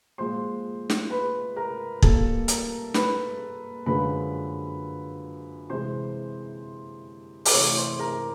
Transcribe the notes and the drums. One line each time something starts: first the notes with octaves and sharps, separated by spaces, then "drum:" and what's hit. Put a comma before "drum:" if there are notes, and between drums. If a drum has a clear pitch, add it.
A#2 F3 G#3 C5 C6
drum: snare
B4 B5
A#4 A#5
A#2 G3 A#3 A4 A5, drum: kick
A#4 A#5, drum: hi-hat
B4 B5, drum: snare
F#2 D3 F3 G#3 B4 B5
C3 E3 G#3 C5 C6
D6, drum: open hi-hat
C3 E3 A3 C#5 C#6
C5 C6
A#4 A#5
A#5